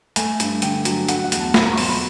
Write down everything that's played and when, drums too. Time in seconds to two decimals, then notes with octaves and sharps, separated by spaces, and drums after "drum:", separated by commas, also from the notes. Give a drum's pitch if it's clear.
0.16 A3 G#5, drum: hi-hat
0.40 G2, drum: hi-hat
0.62 D3 G5, drum: hi-hat
0.85 F#3, drum: hi-hat
1.08 A3 F#5, drum: hi-hat
1.24 F#5
1.32 E2, drum: hi-hat
1.40 A5
1.54 B2 B5, drum: snare
1.66 A#5
1.73 C#6
1.77 F#3 C6, drum: open hi-hat
1.89 B5